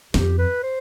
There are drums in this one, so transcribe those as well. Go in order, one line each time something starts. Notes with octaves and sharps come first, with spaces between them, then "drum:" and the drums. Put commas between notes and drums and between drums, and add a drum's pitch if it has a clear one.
F2 G4, drum: snare
B4
C5